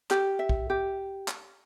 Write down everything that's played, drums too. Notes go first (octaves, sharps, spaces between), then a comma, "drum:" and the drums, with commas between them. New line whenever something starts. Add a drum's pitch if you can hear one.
G4, drum: clap
E5
drum: kick A#1
G4
drum: clap